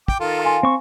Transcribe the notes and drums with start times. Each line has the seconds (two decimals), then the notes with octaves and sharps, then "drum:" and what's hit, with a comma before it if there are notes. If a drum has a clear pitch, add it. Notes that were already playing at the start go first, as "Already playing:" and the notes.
0.08 G5 D6, drum: kick
0.20 D#3 F4 A4
0.44 F5 G#5 C6
0.63 C4 C#6